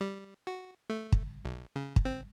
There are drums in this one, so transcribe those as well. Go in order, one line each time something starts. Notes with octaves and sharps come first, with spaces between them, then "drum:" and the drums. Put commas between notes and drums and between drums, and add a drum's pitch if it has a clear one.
G3
F#4
A3
drum: kick
B1
C#3
drum: kick
C4